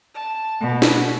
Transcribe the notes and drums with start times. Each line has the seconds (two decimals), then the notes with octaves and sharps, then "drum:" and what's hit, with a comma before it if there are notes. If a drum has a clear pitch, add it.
0.15 A5
0.61 B2
0.82 drum: snare